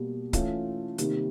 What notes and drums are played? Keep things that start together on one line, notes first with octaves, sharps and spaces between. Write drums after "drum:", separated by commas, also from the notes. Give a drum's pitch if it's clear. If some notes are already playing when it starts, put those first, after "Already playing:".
Already playing: B2 G3 A#3
E3 A3 C#4 F4, drum: kick C#1, hi-hat
C3 D#3 G3 A#3, drum: hi-hat